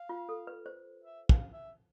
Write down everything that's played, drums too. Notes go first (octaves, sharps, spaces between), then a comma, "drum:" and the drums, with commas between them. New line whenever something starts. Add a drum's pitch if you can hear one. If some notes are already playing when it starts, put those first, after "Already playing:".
Already playing: F5
F4
A4
B4
C5
E5
F5, drum: kick
E5